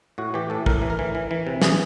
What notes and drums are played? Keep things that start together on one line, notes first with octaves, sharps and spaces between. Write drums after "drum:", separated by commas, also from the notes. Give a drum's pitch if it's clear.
A2 F#4
E3 G4
A2 A4
A2 A#4, drum: kick
E3
A#4
E3
E3
E3
C3
E3 G#4, drum: snare